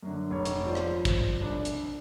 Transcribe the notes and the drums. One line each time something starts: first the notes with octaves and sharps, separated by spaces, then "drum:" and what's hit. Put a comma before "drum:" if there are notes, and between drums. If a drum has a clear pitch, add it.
F#2 D3
F1 C#5
drum: hi-hat
F3 C5 D5
drum: rim click
drum: kick, hi-hat
C2 D4
drum: hi-hat